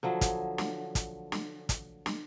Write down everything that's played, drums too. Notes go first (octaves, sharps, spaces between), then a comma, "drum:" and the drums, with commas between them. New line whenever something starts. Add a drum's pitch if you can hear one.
D3 F3 F#3
drum: kick, hi-hat
drum: snare
drum: kick, hi-hat
drum: snare
drum: kick, hi-hat
drum: snare